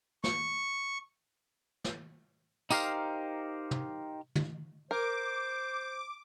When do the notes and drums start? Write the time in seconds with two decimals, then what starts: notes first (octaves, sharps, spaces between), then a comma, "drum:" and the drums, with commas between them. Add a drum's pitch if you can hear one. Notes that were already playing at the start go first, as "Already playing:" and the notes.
0.24 C#6, drum: snare
1.84 drum: snare
2.71 D#4 G4 A#4 C5 F5, drum: tambourine
3.71 drum: tom
4.35 drum: tom
4.91 A#4 C5 D6